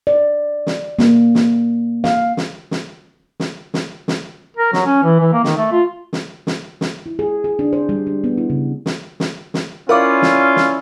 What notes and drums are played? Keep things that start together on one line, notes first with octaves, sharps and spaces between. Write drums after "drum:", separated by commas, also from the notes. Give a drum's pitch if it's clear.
D5
drum: snare
A#3, drum: snare
drum: snare
F5, drum: snare
drum: snare
drum: snare
drum: snare
drum: snare
drum: snare
A#4
F#3, drum: snare
C#4
E3
E3
A#3
D#3, drum: snare
A3
F4
drum: snare
drum: snare
drum: snare
E4
G#4
G#4
D4
C5
G3
D4
B3
E4
C#3
drum: snare
drum: snare
drum: snare
C#4 E4 F4 A#4 D5 F5 D6
drum: snare
drum: snare